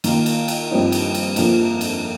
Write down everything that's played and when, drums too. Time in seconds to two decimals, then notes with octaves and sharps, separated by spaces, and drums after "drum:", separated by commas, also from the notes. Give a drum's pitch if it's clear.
0.04 D#3 A#3 F4, drum: cymbal
0.26 drum: cymbal
0.48 drum: cymbal
0.71 G2 F3 C4 D#4
0.92 drum: cymbal
1.14 drum: cymbal
1.36 F2 D3 F3 A#3, drum: cymbal
1.81 drum: cymbal